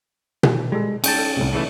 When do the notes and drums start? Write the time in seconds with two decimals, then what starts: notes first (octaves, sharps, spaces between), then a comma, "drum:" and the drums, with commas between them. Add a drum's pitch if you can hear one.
0.43 drum: tom B2
0.72 G3 G#3 A4
1.04 C#4 G#4 G5 A5, drum: cymbal
1.18 A4
1.37 C2 A2 C3
1.53 C#3 E3 A3